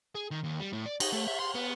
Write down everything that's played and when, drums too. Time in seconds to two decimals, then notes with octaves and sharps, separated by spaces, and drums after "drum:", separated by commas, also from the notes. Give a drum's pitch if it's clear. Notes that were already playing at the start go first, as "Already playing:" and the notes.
0.15 G#4
0.31 D#3
0.44 D#2
0.60 G3
0.73 A2
0.86 D5
1.00 D#4, drum: cymbal
1.13 A3
1.28 E5
1.40 C6
1.55 B3